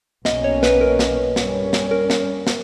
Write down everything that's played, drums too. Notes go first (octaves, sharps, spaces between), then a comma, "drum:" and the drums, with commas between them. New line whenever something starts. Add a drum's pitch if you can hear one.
B1 B2 A#3 C#4 D#5, drum: snare
C#5
B4, drum: snare
A#4
drum: snare
G2 G3 C#4, drum: snare
drum: snare
A#4
drum: snare
drum: snare